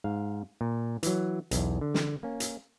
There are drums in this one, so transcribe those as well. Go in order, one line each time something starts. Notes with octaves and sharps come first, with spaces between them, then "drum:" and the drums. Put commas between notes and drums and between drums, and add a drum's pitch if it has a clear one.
G#2 F5
A#2
E3 F#3, drum: hi-hat
B1 E2, drum: hi-hat
D3
drum: snare
A#3 C#4
drum: hi-hat